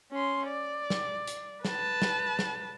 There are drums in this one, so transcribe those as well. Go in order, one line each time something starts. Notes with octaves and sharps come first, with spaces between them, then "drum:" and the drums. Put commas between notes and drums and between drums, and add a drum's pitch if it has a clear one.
C#4 C6
D5
drum: snare
drum: hi-hat
B4 A5, drum: snare
drum: snare
drum: snare